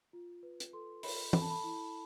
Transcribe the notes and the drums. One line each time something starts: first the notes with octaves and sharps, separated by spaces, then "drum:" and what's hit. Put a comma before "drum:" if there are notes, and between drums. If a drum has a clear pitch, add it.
F4
B4
drum: hi-hat
A4 C6
A4 B5, drum: open hi-hat
A4 B5, drum: tom
A5
B5
E4